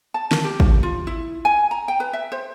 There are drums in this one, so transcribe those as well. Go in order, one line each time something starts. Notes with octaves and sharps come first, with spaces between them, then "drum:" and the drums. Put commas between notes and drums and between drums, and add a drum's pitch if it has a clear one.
A5
A#4, drum: snare
G4
drum: kick
F4
E4
G#5
A#5
G5
B4
E5
C5